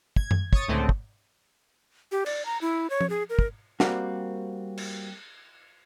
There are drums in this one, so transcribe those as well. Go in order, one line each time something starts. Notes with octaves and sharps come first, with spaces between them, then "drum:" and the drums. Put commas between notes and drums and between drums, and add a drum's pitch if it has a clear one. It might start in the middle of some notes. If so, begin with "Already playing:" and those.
G#6, drum: kick
drum: tom F#2
C#5 C#6 D#6 A6, drum: kick
C#2 A2 D3 A3 C4
drum: kick
G4
D5, drum: cymbal
A#5
E4
C#5
drum: tom F3
G#4
A#4
drum: kick
G3 A#3 C4 F#4, drum: snare
drum: cymbal